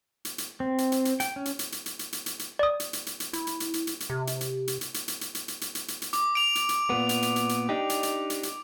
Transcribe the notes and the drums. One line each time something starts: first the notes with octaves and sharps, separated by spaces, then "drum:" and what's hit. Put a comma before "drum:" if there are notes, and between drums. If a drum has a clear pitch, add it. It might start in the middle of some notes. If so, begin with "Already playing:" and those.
drum: hi-hat
drum: hi-hat
C4
drum: hi-hat
drum: hi-hat
drum: hi-hat
G5, drum: hi-hat
C#4
drum: hi-hat
drum: hi-hat
drum: hi-hat
drum: hi-hat
drum: hi-hat
drum: hi-hat
drum: hi-hat
drum: hi-hat
D5 D#6
drum: hi-hat
drum: hi-hat
drum: hi-hat
drum: hi-hat
E4, drum: hi-hat
drum: hi-hat
drum: hi-hat
drum: hi-hat
drum: hi-hat
drum: hi-hat
C3
drum: hi-hat
drum: hi-hat
drum: hi-hat
drum: hi-hat
drum: hi-hat
drum: hi-hat
drum: hi-hat
drum: hi-hat
drum: hi-hat
drum: hi-hat
drum: hi-hat
drum: hi-hat
drum: hi-hat
D6, drum: hi-hat
D7 F7
drum: hi-hat
drum: hi-hat
A#2 B3
drum: hi-hat
drum: hi-hat
drum: hi-hat
drum: hi-hat
D4 D#4 G4
drum: hi-hat
drum: hi-hat
drum: hi-hat
drum: hi-hat